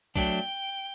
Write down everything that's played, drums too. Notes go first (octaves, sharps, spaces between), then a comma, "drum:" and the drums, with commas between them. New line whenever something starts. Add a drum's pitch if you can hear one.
F#3 A3 D4 G5, drum: kick